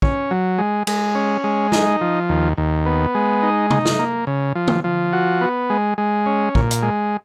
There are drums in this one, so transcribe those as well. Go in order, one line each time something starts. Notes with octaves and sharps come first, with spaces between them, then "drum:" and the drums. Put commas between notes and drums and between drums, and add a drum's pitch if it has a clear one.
C#4, drum: kick
F#3
G#3
G#3, drum: cymbal
C#4
G#3
D#4, drum: snare
F3
D#2
D#2
B3
G#3
D#4
D#4, drum: tom C3
drum: snare
A#3
C#3
F3
drum: tom
F3
F#4
B3
G#3
G#3
C#4
A#2, drum: kick
drum: hi-hat
G#3